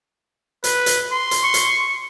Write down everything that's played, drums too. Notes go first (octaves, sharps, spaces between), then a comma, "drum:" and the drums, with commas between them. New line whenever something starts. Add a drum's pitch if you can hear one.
B4, drum: hi-hat
drum: hi-hat
C6
drum: hi-hat
C#6
drum: hi-hat